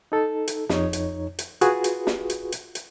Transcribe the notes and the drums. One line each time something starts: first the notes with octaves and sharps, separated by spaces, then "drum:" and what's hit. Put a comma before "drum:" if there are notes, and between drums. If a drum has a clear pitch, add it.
D#4 A4
drum: hi-hat
F2 D#4 C#5, drum: snare
drum: hi-hat
drum: hi-hat
F4 F#4 G#4 B4, drum: hi-hat
drum: hi-hat
drum: snare
drum: hi-hat
drum: hi-hat
drum: hi-hat